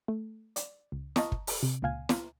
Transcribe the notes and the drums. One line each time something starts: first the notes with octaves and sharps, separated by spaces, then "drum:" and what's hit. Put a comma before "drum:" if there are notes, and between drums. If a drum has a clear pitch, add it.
A3
D5, drum: hi-hat
C#2
D#5 A5 A#5 C#6 D#6, drum: snare
drum: kick
drum: open hi-hat
C3
C#2 A#2 F5 G#5
drum: snare